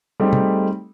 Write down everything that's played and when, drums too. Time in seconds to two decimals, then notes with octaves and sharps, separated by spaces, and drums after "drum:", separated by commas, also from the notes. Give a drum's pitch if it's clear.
0.20 G3 A3 C4 D#4 G4 G#4
0.33 drum: tom